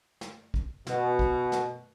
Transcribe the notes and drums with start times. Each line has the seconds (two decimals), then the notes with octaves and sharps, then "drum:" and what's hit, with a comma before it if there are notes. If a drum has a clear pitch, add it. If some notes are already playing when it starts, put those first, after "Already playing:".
0.21 drum: snare
0.54 drum: kick
0.87 B2, drum: snare
1.19 drum: kick
1.52 drum: snare